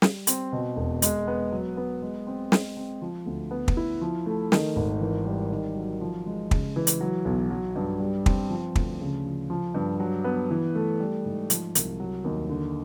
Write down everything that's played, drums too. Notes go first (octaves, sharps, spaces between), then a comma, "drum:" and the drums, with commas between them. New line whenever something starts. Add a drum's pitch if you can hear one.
G3, drum: snare
C4, drum: hi-hat
B2
E1
G#3, drum: hi-hat
B3
F#3
B3
G#3
C4
G#3, drum: snare
C4
F3
D2
B3
drum: kick
E4
F3
A3
D#3, drum: snare
G#1
E3
G3
D#3
F#3
F3
G#3
C#3, drum: kick
E3
drum: hi-hat
F#3
B1
F#3
G2
G3
C4, drum: kick
F3
D2, drum: kick
C#3
F3
F3
G2
F#3
B3
E3
A3
G3
G#2
F3, drum: hi-hat
C2, drum: hi-hat
F#3
D#2
D3